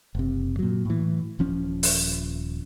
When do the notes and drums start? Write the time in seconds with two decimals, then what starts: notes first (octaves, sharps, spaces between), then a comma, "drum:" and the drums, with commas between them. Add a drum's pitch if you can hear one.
0.15 F#1 C3
0.59 A#2 F#3
0.85 A2 E3
1.39 D#1 F3 C#4
1.83 drum: open hi-hat